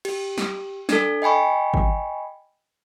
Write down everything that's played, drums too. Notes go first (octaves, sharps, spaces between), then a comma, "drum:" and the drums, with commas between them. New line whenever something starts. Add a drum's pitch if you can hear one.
G4, drum: cymbal
drum: snare
D4 A4, drum: snare
D#5 G5 G#5 B5 C#6
drum: kick G#1